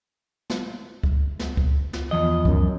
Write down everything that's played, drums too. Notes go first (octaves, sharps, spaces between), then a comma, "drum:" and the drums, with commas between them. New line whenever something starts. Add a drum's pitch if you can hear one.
drum: snare
drum: kick C#2
drum: snare
drum: kick C#2
drum: snare
E2 F3 D#5
F#2, drum: kick C#2